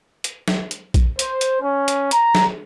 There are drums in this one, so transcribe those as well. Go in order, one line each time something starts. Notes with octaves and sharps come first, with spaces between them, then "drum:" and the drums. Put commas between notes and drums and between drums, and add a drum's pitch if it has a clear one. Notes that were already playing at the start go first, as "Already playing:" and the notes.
drum: hi-hat
drum: snare
drum: hi-hat
drum: kick A#1, hi-hat
C5, drum: hi-hat
drum: hi-hat
C#4
drum: hi-hat
A#5, drum: hi-hat
drum: snare